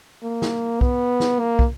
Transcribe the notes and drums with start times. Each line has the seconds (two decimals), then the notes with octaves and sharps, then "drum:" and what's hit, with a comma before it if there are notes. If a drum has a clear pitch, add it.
0.23 A#3
0.42 drum: snare
0.81 B3, drum: kick
1.20 drum: snare
1.39 A#3
1.59 drum: kick